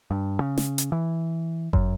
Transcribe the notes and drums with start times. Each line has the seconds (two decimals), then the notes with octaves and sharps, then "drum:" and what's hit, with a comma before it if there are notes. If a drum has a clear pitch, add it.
0.11 G2
0.40 C#3
0.58 drum: snare
0.78 drum: hi-hat
0.92 E3
1.73 F#2, drum: kick G1